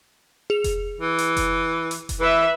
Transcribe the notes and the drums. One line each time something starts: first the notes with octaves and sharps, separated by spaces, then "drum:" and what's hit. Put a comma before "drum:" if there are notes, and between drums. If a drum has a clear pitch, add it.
G#4 F7
drum: kick F1, hi-hat
E3
drum: hi-hat
drum: kick F1, hi-hat
drum: hi-hat
drum: kick F1, hi-hat
E3 B4 E5